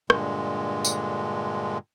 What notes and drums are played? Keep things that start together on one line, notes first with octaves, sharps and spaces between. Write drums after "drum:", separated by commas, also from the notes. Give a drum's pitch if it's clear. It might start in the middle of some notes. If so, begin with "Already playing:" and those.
G2 A#2 D3 G#3, drum: rim click
drum: tambourine